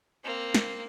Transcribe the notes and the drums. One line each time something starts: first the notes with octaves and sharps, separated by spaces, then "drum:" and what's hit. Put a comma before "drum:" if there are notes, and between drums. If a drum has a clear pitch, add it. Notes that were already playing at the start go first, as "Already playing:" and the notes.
A#3 C4
drum: snare